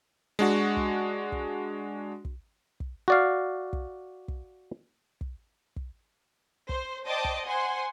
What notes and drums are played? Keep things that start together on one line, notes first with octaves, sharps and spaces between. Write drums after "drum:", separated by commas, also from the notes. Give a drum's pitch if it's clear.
G#3 D4 F#4
drum: kick
drum: kick
drum: kick
drum: kick
F#4 D5 F5
drum: kick
drum: kick
drum: kick
drum: kick
C5, drum: kick
C5 D5 D#5 G5 A5 D6
drum: kick
C5 F#5 G#5 C6